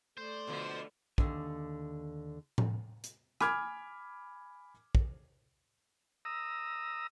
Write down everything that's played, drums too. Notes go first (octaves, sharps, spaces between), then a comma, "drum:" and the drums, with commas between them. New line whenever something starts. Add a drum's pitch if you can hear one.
A3 C5 D5
B2 D3 F3
D#2 D3 G#5, drum: kick
drum: tom A2
drum: hi-hat
G#5 B5 D6 F6 G#6, drum: rim click
drum: kick
A#5 D#6 E6